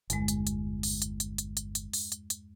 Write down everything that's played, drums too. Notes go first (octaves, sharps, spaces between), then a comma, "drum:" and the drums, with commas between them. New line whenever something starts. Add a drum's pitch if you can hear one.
G1 E2 G2 G#3, drum: hi-hat
drum: hi-hat
drum: hi-hat
drum: open hi-hat
drum: hi-hat
drum: hi-hat
drum: hi-hat
drum: hi-hat
drum: hi-hat
drum: open hi-hat
drum: hi-hat
drum: hi-hat